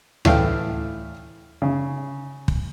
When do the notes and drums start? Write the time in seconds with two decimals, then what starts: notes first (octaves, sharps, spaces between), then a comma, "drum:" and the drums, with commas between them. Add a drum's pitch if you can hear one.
0.25 A2 E3 A3 F5 G5, drum: tom D2
1.62 C#3
2.48 drum: kick